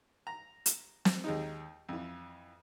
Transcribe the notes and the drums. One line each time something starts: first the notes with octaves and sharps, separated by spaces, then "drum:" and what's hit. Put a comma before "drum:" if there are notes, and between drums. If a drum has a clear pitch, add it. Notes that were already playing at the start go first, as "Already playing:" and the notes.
A#5
drum: hi-hat
drum: snare
D#2 G#3 D#4
F2 E3